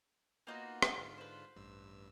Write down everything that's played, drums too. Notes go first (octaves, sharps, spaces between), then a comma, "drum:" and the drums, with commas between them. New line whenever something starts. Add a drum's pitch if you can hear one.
A#3 B3 D#4 F4 F#4
drum: rim click
G#2 D3 F4
B4 C5
A1 G2 E6